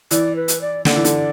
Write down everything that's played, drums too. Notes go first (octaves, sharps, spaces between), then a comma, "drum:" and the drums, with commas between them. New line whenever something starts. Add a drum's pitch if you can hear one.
E3 D5, drum: hi-hat
B4
drum: hi-hat
D5
D3 D5, drum: snare
E3
D3, drum: hi-hat